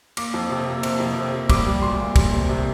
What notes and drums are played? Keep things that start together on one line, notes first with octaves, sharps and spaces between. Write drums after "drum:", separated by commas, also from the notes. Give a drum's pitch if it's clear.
A#3 D6, drum: cymbal
F2
C3
A#3
C3, drum: cymbal
F2
C3
A#3
G3 D6, drum: kick, cymbal
G3
D2 C6
A#3
G3, drum: kick, cymbal
C3
C3